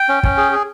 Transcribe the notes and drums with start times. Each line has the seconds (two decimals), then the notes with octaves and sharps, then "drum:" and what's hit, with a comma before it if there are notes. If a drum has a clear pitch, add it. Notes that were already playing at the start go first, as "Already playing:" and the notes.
Already playing: G5
0.09 C#4
0.23 C#4, drum: kick
0.38 G#4
0.52 G#4